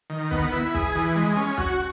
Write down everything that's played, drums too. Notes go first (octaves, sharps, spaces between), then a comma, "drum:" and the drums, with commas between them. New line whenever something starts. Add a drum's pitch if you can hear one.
D#3
B3, drum: kick
E4
G#4, drum: kick
E3
G#3
C#4
F#4, drum: kick